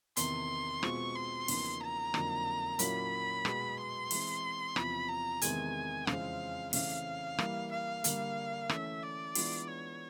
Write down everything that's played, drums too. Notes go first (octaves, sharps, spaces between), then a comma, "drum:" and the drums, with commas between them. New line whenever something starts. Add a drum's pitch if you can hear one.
E2 C3 D#3 C6, drum: hi-hat
B2 G#3 C4 F4 C#6, drum: rim click
C6
E2 C#3 F3 A#3 D#4, drum: open hi-hat
A#5
F2 D3 F#3 A#3 D#4, drum: rim click
A#2 F#3 A#3 C#4 E4 B5, drum: hi-hat
B2 G#3 B3, drum: rim click
C6
E3 G#3 C4, drum: open hi-hat
E2 C3 F3 B5, drum: rim click
A#5
E2 C3 D#3 G#3 G#5, drum: hi-hat
F2 C#3 E3 G#3 C4 F5, drum: rim click
C#3 E3 A3 C4 F5, drum: open hi-hat
E3 G3 A#3, drum: rim click
F5
D3 G3 A#3, drum: hi-hat
E3 A3 C#4 E5, drum: rim click
D5
E3 G#3 B3 D4 F4, drum: open hi-hat
C#5